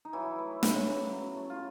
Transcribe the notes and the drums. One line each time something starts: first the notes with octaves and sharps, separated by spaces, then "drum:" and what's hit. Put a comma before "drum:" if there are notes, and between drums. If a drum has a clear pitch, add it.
D#4
E3 F#3 E4
A3
C#3, drum: snare
C#3
F#3
A3
F4